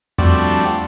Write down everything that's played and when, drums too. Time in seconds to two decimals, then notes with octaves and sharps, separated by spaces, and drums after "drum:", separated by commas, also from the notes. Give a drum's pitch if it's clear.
0.18 F3 G3 A3 C4 D4 F#4, drum: tom E2